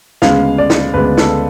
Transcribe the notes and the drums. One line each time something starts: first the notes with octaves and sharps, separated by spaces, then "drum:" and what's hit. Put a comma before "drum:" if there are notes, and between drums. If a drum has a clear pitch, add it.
D2 C#3 G#3 B3 F5, drum: snare
D5
drum: snare
D2 C#3 G#3 B3 B4
A4, drum: snare